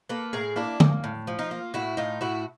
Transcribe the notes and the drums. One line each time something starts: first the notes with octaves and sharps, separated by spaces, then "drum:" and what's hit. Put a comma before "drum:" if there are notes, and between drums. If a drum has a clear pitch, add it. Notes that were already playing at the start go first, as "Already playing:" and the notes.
A#3 A4 B4
A2 G#4 A#4
A#3 D4 E4
A#3, drum: tom
A2
F3
D#4 F4
A#3
A2 E4 F#4
A2 D#4 F4
A2 E4 F#4